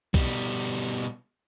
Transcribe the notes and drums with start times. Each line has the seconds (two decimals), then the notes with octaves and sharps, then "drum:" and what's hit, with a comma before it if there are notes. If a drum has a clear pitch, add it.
0.14 B2 G3, drum: kick